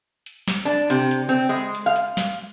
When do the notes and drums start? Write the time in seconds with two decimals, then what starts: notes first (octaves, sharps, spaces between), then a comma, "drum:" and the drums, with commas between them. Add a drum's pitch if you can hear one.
0.26 drum: hi-hat
0.48 drum: snare
0.65 D4
0.90 C3, drum: hi-hat
1.11 drum: hi-hat
1.29 C4
1.49 G#3
1.75 drum: hi-hat
1.86 F5
1.96 drum: hi-hat
2.17 drum: snare